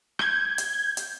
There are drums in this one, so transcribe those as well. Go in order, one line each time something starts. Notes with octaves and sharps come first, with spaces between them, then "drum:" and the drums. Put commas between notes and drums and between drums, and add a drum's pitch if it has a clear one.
G6 G#6, drum: rim click
drum: hi-hat
drum: hi-hat